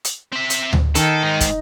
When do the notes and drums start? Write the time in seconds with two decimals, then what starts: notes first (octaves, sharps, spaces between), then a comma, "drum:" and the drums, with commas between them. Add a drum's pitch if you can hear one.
0.05 drum: hi-hat
0.32 C4 E5
0.50 drum: hi-hat
0.73 drum: tom D2
0.95 D#3 A4, drum: hi-hat
1.23 G#2 D#4
1.41 drum: kick, hi-hat